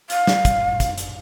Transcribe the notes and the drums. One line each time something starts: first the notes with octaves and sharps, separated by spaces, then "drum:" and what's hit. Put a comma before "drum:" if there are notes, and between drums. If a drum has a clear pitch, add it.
F5, drum: hi-hat
drum: snare
drum: kick, hi-hat
drum: kick, hi-hat
drum: hi-hat